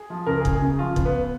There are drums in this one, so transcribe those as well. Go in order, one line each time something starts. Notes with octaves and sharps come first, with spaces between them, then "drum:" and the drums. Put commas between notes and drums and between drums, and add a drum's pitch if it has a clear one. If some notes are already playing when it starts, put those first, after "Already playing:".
Already playing: G#4
F3
C#2 A#4
G#4
C#2, drum: kick
G#4
C#3
F3 F4
C#2, drum: kick
B3